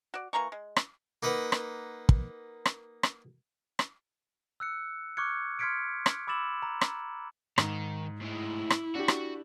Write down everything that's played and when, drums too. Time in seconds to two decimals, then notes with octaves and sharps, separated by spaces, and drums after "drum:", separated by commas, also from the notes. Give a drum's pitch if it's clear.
0.14 F#4 D5
0.33 E3 A#3 A#5 C#6
0.52 G#3
0.76 drum: rim click
1.23 A#3 D#4 B4 F#5
1.52 drum: rim click
2.09 drum: kick
2.65 drum: rim click
3.03 drum: rim click
3.79 drum: rim click
4.60 E6 F#6 C#7
5.17 C#6 D6 F6 F#6 G#6 C#7
5.59 C6 F6 G#6 B6 C#7 D7
6.06 drum: rim click
6.27 B5 D6 E6 A6 E7 F#7
6.62 A#5
6.81 drum: rim click
7.58 G#2 D#3, drum: rim click
8.22 A2 G#3 E4
8.70 drum: rim click
8.95 D4 F#4 G4
9.08 drum: rim click